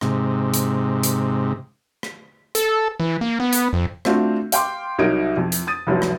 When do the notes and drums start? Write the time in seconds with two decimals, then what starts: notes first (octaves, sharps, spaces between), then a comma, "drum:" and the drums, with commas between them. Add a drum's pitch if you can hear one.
0.01 G#2 C3, drum: rim click
0.54 drum: hi-hat
1.03 drum: hi-hat
2.03 drum: rim click
2.55 A4, drum: hi-hat
3.00 E3
3.21 A#3
3.40 B3
3.53 drum: hi-hat
3.73 F2
4.05 A3 C4 D4 F4 F#4, drum: rim click
4.52 F5 G5 C6 D6, drum: hi-hat
4.99 C2 F#3 D#4 A#4 G#6 D7
5.37 F2
5.52 drum: hi-hat
5.67 D#6 A6 D#7
5.87 F1 C2 F#3
6.02 drum: rim click